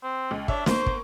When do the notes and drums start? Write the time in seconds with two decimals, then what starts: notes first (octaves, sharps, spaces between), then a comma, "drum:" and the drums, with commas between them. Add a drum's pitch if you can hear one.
0.03 C4
0.31 C#2
0.48 D4 C#5 E5, drum: kick
0.66 A#3 B3 C5 C#6, drum: snare
0.86 drum: kick